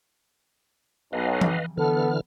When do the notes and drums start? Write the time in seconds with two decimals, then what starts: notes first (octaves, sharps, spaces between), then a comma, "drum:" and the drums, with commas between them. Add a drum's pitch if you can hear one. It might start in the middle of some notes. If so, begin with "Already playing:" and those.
1.13 B1 B4 D#5 F5
1.41 drum: tom E3
1.77 D3 E3 B3 A4 F6